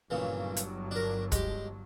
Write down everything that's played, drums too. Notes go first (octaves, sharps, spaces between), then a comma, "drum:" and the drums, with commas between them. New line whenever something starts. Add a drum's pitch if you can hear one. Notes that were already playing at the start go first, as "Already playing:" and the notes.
G1 G2 A#2 C#3 E3 F#3
drum: hi-hat
D4 A#4
G#3 G4, drum: kick, hi-hat